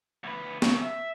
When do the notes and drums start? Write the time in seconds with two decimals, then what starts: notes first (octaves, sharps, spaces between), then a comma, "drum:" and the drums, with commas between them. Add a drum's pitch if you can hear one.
0.24 D2 B4
0.62 C#3 F#3, drum: snare B3
0.82 E5